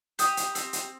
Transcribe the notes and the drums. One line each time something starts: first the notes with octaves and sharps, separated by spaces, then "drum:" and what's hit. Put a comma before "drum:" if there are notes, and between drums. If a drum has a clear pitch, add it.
G4 D#6, drum: hi-hat
drum: hi-hat
C4, drum: hi-hat
drum: hi-hat